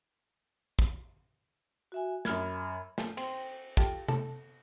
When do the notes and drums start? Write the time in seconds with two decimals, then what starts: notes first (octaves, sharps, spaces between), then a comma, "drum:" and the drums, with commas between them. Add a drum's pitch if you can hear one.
0.79 drum: kick
1.92 F#4 E5 G#5
2.25 F#2 B5 F6 G#6, drum: snare
2.98 F3 A3 C#4, drum: snare
3.17 C4, drum: cymbal
3.77 F4 G4 A4, drum: kick
4.08 A4, drum: tom C3